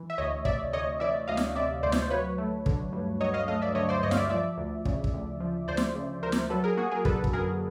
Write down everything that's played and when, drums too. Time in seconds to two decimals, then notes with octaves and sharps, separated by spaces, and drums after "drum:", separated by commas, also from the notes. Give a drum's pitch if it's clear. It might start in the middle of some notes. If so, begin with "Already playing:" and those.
Already playing: E3
0.10 E5
0.18 D2 C#5 D#5
0.45 C3 D5 E5, drum: kick
0.73 D2 C#5 D#5
1.00 E3 D5 E5
1.28 D2 D#5 F5
1.37 drum: snare
1.56 C3 D5 E5
1.83 D2 C5 D5
1.92 drum: snare
2.02 C5
2.10 F#3 B4 C#5
2.38 A3
2.66 D3, drum: kick
2.93 G2
3.21 F#3 C#5 D#5
3.34 D#5 F5
3.48 A3 D#5 F5
3.62 D5 E5
3.75 D3 C#5 D#5
3.89 C5 D5
4.03 G2 C#5 D#5
4.11 F5, drum: snare
4.17 D5 E5
4.30 F3 D5 E5
4.57 D2
4.85 C#3, drum: kick
5.04 drum: kick
5.13 D2
5.40 F3
5.68 D2 C5 D5
5.77 drum: snare
5.95 C#3
6.23 D2 A#4 C5
6.32 drum: snare
6.50 F#3 A4 B4
6.64 G#4 A#4
6.77 A#3 F#4 G#4
6.91 G#4 A#4
7.05 D3 A4 B4, drum: kick
7.24 drum: kick
7.33 F#2 G#4 A#4